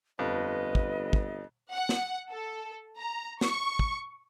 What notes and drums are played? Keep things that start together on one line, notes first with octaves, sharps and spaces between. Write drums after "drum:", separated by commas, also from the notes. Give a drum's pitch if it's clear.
G1 F2 B4 D#5
drum: kick
drum: kick
F#5
drum: snare
A4
A#5
C#6, drum: snare
drum: kick